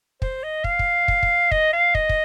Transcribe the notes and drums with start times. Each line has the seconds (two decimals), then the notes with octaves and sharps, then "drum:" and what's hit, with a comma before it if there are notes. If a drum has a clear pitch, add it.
0.22 C5, drum: kick
0.44 D#5
0.64 F5, drum: kick
0.79 drum: kick
1.08 drum: kick
1.23 drum: kick
1.51 D#5, drum: kick
1.73 F5
1.95 D#5, drum: kick
2.09 drum: kick